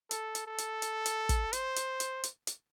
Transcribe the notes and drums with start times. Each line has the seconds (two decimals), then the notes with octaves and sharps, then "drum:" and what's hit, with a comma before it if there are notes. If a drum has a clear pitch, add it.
0.11 A4, drum: hi-hat
0.35 drum: hi-hat
0.46 A4
0.58 drum: hi-hat
0.82 drum: hi-hat
1.06 drum: hi-hat
1.29 drum: kick, hi-hat
1.53 C5, drum: hi-hat
1.76 drum: hi-hat
2.00 drum: hi-hat
2.24 drum: hi-hat
2.47 drum: hi-hat